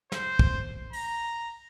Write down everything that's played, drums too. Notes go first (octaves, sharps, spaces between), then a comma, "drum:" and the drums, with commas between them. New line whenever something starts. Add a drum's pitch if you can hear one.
C5, drum: snare
drum: kick
A#5, drum: open hi-hat